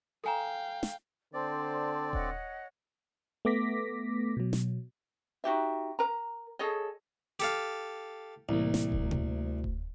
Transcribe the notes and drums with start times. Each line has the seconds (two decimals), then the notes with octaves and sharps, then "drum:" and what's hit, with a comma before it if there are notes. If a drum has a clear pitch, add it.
0.24 A4 F5 G5 G#5 A#5
0.83 drum: snare
1.34 D3 C4 C5 D5 A5
2.13 C#5 D#5 F#5, drum: kick D#1
3.45 A3 B3 D6 A#6 B6
4.37 B2 F#3
4.53 drum: snare
5.44 D#4 F#4 G4 E5
5.99 A#4 A#5
6.59 G#4 A4 C#5 D#5
7.40 G4 A4 F5, drum: hi-hat
8.49 C2 A2 E3 A#3
8.74 drum: snare
8.92 D2, drum: kick D#1
9.11 drum: tom B2
9.64 drum: kick D#1